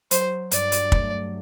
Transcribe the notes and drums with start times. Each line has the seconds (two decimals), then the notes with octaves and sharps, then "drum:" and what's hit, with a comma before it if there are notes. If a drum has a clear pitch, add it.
0.11 F#3 C5, drum: hi-hat
0.51 G2 D5, drum: hi-hat
0.72 drum: hi-hat
0.92 A3, drum: kick